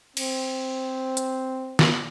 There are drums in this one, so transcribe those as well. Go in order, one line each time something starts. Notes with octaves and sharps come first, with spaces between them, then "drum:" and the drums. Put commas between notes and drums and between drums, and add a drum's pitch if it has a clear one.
C4, drum: cymbal
drum: hi-hat
drum: snare